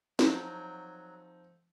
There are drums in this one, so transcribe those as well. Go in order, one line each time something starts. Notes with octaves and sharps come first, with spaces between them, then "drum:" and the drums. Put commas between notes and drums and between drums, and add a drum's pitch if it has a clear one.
F2 F#3 D#4 F#4 A5 A#5 D7, drum: snare